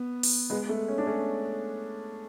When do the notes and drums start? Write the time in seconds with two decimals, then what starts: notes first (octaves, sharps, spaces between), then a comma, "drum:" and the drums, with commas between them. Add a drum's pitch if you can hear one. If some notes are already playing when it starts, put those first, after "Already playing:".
Already playing: B3
0.23 drum: open hi-hat
0.50 G#3 B3
0.69 A3
0.88 C#4
0.98 D4
1.07 A3 C#4